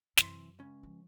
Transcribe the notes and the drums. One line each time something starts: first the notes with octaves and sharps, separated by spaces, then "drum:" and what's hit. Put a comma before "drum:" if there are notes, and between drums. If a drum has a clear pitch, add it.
F#2 C3 E3 C6, drum: snare
C#2 C#4
F3